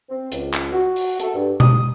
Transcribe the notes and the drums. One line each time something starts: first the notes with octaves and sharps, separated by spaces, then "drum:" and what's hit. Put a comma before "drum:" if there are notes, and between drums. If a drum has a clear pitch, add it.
C4
C#2, drum: hi-hat
drum: clap
F#4
drum: open hi-hat
A4, drum: hi-hat
G2
D#6, drum: tom B2